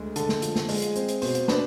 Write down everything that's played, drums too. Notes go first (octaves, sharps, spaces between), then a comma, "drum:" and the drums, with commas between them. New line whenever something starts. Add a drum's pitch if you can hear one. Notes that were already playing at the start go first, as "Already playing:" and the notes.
Already playing: D2 G#3
D3 A4, drum: hi-hat
drum: snare
F3, drum: hi-hat
drum: snare
G#3 G#4, drum: open hi-hat
drum: hi-hat
C4, drum: hi-hat
drum: hi-hat
B2 C5, drum: open hi-hat
drum: hi-hat
D4 B4, drum: snare